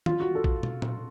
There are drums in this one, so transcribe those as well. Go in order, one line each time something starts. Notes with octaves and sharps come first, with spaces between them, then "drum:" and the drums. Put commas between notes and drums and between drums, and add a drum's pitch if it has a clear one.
F4, drum: tom D#3
F#4
A4
drum: kick
drum: tom
drum: tom A#2